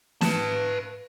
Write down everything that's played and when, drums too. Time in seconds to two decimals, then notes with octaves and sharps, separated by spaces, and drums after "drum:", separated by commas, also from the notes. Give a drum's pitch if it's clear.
0.21 B4 A5, drum: snare